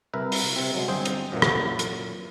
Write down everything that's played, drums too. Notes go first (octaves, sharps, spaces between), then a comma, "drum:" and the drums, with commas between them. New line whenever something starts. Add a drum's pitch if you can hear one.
C2 E4 A#4 B4 E5
drum: open hi-hat
C3 C4
F#3 G#3
G1 C4 G#4 C5
drum: hi-hat
F#2 A#2 E3 F#3
drum: rim click
drum: hi-hat